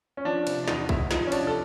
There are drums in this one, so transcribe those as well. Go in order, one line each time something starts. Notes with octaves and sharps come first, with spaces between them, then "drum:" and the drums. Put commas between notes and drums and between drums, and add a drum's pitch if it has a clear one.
C#4
F3 D4
C3, drum: cymbal
D4
E2 D#4, drum: snare
E2 E4, drum: kick
F3 D#4, drum: snare
C#4
C3 D4, drum: cymbal
A4